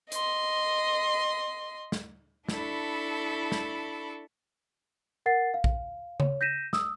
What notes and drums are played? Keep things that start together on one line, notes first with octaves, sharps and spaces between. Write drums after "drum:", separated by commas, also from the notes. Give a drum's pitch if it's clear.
D#5 C6, drum: hi-hat
drum: snare
D4 E4 A4 B5 C#6, drum: snare
drum: snare
A#4 F#5 A6 C7
F5
drum: kick A#1
C#5, drum: tom C#3
G6 A#6 B6 D#7 E7
D#6 E6, drum: snare